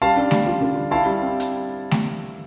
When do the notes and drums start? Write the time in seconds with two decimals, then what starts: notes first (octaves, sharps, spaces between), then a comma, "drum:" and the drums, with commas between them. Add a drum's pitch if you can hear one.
0.02 G3 F5 A5
0.16 D4
0.31 G3, drum: snare A3
0.46 F4
0.61 D3
0.76 G3
0.91 E4 F5 A5
1.06 G3
1.21 C4
1.40 drum: hi-hat
1.91 drum: snare A3